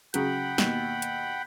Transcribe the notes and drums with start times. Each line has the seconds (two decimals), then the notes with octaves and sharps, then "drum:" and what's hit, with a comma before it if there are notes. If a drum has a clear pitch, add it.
0.14 C#3 F#3 F#5 G5 B5, drum: hi-hat
0.58 D#2 B2, drum: snare
1.02 drum: hi-hat